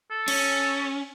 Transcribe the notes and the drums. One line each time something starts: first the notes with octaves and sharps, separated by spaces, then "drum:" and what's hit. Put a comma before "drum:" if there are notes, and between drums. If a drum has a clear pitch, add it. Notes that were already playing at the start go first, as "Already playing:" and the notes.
A4
C#4, drum: cymbal